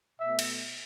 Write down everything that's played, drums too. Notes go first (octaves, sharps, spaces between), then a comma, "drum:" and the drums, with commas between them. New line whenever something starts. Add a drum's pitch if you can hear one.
B2 A3 E5
drum: cymbal